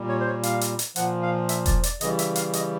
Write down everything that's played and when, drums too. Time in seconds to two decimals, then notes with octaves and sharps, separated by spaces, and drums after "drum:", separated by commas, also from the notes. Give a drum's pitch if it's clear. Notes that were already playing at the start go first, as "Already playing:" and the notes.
Already playing: A#2 G3
0.09 C#5
0.20 C5
0.27 C#5
0.43 F5, drum: hi-hat
0.61 drum: hi-hat
0.79 drum: hi-hat
0.96 A#2 F3 F#5, drum: hi-hat
1.23 F5
1.49 E5, drum: hi-hat
1.66 D5, drum: kick E1, hi-hat
1.83 D5, drum: hi-hat
2.01 C#3 E3 G3 D#5, drum: hi-hat
2.19 E5, drum: hi-hat
2.36 F5, drum: hi-hat
2.53 D#5, drum: hi-hat